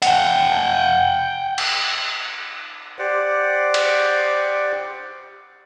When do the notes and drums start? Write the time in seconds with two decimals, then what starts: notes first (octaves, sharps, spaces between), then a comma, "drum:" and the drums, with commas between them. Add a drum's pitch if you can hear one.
0.02 F#5 G5, drum: hi-hat
1.58 drum: cymbal
2.99 G4 C5 D5 F#5
3.74 drum: cymbal